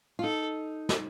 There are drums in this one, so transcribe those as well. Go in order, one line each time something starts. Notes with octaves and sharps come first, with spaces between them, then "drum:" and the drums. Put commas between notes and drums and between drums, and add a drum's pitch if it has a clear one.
F4
D#4 A4
drum: snare